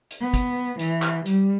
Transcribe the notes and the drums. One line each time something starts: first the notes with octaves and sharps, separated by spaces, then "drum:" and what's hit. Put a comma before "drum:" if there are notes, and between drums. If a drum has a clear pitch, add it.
drum: hi-hat
B3
drum: kick, hi-hat
E3, drum: hi-hat
drum: clap
G3, drum: hi-hat